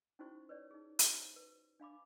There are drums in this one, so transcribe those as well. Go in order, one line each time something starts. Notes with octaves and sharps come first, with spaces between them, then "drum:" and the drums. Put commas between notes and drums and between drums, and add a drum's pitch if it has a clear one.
C#4 D#4 E4 F#4 C5 C#6
B4 C#5 D5
D#4 G#4
F#4 G4 C5, drum: hi-hat
B4
D4 F5 B5 D6